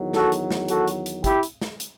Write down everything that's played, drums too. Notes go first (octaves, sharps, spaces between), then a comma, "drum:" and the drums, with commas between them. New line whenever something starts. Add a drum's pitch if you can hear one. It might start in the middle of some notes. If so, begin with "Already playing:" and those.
Already playing: E2 D#3 F#3
F#4 A4, drum: snare
drum: hi-hat
drum: snare
F#4 A4, drum: hi-hat
drum: hi-hat
drum: hi-hat
E4 G4, drum: kick, hi-hat
drum: hi-hat
drum: snare
drum: hi-hat